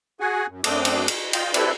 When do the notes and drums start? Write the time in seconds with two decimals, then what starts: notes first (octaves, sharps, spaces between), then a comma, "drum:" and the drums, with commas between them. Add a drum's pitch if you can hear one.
0.20 F#4 G#4 F#5 G#5
0.49 F#2
0.64 F#2 A3 C4 D4 D6 D#6, drum: cymbal
0.85 drum: cymbal
1.08 drum: cymbal
1.33 F4 D#5 G5, drum: cymbal
1.54 C4 E4 G4 A4 B4 D5, drum: cymbal